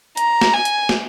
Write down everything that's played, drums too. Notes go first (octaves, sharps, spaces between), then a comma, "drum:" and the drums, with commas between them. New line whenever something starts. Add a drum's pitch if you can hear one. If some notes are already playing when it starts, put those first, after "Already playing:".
A#5, drum: hi-hat
drum: snare
G#5
drum: hi-hat
drum: snare